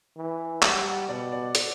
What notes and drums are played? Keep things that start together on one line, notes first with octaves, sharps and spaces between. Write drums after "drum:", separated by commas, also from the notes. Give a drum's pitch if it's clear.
E3
G3 F#5, drum: clap
F#5
B2 D5
D5
D5, drum: hi-hat